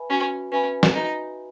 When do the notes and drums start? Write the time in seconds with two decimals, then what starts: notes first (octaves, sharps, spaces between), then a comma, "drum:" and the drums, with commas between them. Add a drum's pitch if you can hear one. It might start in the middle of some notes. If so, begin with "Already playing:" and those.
Already playing: B4 E5 G#5 B5
0.10 C#4 F#4
0.52 C#4 B4 E5 G#5 B5
0.83 drum: snare
0.94 D#4 F#4